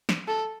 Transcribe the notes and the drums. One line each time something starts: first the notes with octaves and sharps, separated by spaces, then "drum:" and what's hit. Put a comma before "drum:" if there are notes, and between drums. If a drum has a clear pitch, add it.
drum: snare
A4